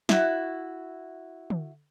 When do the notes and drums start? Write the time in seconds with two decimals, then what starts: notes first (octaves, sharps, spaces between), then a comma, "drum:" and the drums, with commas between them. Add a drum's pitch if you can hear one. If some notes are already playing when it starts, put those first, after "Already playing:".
0.09 E4 F#4, drum: snare
1.50 drum: tom